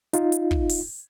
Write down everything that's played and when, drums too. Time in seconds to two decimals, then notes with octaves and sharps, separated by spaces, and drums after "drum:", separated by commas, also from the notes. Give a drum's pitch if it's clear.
0.13 D#4 F4, drum: hi-hat
0.32 drum: hi-hat
0.51 drum: kick
0.69 drum: open hi-hat